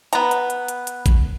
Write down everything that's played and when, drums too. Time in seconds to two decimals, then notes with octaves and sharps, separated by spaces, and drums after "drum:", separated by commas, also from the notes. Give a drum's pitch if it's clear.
0.13 B3 A#5, drum: hi-hat
0.31 drum: hi-hat
0.50 drum: hi-hat
0.68 drum: hi-hat
0.87 drum: hi-hat
1.06 drum: kick, hi-hat